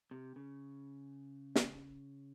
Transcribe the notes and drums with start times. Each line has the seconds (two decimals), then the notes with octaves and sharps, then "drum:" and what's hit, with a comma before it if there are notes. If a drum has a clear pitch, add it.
0.11 C3
0.36 C#3
1.56 drum: snare